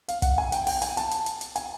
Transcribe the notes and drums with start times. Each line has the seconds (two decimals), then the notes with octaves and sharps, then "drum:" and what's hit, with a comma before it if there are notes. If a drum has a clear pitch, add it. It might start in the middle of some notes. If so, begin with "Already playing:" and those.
0.08 F5, drum: hi-hat
0.22 F#5, drum: kick, hi-hat
0.38 G#5
0.52 G5, drum: hi-hat
0.67 G5, drum: open hi-hat
0.82 G#5, drum: hi-hat
0.97 A5, drum: hi-hat
1.11 drum: hi-hat
1.26 drum: hi-hat
1.41 drum: hi-hat
1.56 G#5, drum: hi-hat